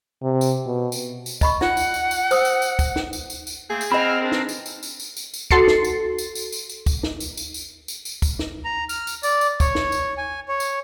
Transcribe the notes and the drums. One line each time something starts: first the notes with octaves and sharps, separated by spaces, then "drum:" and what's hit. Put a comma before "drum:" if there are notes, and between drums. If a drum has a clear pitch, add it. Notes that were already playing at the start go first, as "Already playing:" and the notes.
C3
drum: tambourine
B2
drum: tambourine
drum: tambourine
D#5 B5 C#6, drum: kick, tambourine
F4 D5 F#5, drum: snare
drum: tambourine
drum: tambourine
drum: tambourine
C5 D#6 E6, drum: tambourine
drum: tambourine
drum: tambourine
drum: kick, tambourine
drum: snare
drum: tambourine
drum: tambourine
drum: tambourine
A3 A#3 C4 G#4
drum: tambourine
C4 D#5 F#5 B5 E6 F6
D4 G#4 A#4
drum: snare
drum: tambourine
drum: tambourine
drum: tambourine
drum: tambourine
drum: tambourine
drum: tambourine
F#4 A4 C6 A6 C7 C#7, drum: kick
drum: snare
drum: tambourine
drum: tambourine
drum: tambourine
drum: tambourine
drum: tambourine
drum: kick, tambourine
drum: snare
drum: tambourine
drum: tambourine
drum: tambourine
drum: tambourine
drum: tambourine
drum: kick, tambourine
drum: snare
A#5
F6, drum: tambourine
drum: tambourine
D5, drum: tambourine
drum: tambourine
C#5, drum: kick, tambourine
drum: snare
drum: tambourine
G#5
C#5
drum: tambourine